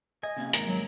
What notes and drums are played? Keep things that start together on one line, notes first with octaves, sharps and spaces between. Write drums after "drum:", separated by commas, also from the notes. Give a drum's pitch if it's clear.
D#5 G#5
C3 A#3 C#4
D#2 G#2 A#4, drum: hi-hat
F#3